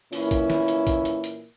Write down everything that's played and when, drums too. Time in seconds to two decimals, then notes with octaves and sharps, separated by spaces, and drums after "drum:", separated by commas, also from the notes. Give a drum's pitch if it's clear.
0.13 A#2 E3 A#3 C#4 E4, drum: open hi-hat
0.31 drum: kick, hi-hat
0.50 drum: snare
0.68 drum: hi-hat
0.87 drum: kick, hi-hat
1.05 drum: hi-hat
1.24 drum: hi-hat